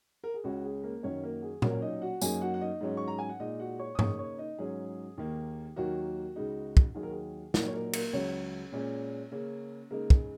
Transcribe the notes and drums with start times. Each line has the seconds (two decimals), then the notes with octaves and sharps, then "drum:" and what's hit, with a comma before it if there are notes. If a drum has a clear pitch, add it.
0.24 A#4
0.34 G#4
0.44 C#2 C#3 G#3 C#4 F#4
0.64 G#4
0.84 A#3 A#4
1.03 F#2 D#3 F#3 C#4 C#5
1.23 A#3 A#4
1.43 G#4
1.62 A#2 F#3 A#3 C#4 A#4, drum: tom A#2
1.82 D#4 D#5
2.02 F#4 F#5
2.21 F#2 F#3 A#3 D#4 G#4 G#5, drum: tambourine
2.42 F#4 F#5
2.54 F#5
2.61 D#4 D#5
2.81 G#2 F#3 C#4
2.97 C#6
3.08 A#5
3.19 G#5
3.29 F#5
3.40 A#2 G#3 D#4 D#5
3.59 F#4 F#5
3.79 C#5 C#6
3.95 D#6
3.99 C#3 A#3 D#4 C#5 C#6, drum: tom G#2
4.19 C#5 C#6
4.38 D#4 D#5
4.59 G#2 F#3 C#4 G#4
5.18 D#2 D#3 A#3
5.76 D#2 D#3 F#3 A#3 F#4
6.36 C#2 C#3 G#3 D#4
6.77 drum: kick
6.95 D#2 D#3 F#3 G#4
7.03 A#4
7.11 G#4
7.54 A#2 F#3 A#3 D#4 A#4, drum: snare
7.67 C#5
7.73 A#3 A#4
7.93 A#3 A#4, drum: cymbal
8.13 C#2 C#3 F#3 C#4 C#5
8.72 A#2 G#3 C#4
9.32 C#3 A#3 C#4
9.91 C#3 G#3 A#3 D#4 A#4
10.10 G#4, drum: kick